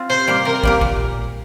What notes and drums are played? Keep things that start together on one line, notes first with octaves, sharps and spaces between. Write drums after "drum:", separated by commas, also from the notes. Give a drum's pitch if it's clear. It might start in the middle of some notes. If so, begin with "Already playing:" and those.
Already playing: C4 F4
C3 C5
G3 A#3 G4
C3 A#4
G3 A#3 G4, drum: kick
A#2, drum: kick